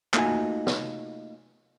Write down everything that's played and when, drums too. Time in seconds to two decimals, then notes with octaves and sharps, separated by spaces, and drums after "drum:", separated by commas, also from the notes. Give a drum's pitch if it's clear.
0.14 A3 A#3 D#4 F4 F#4 G#5, drum: clap
0.67 drum: snare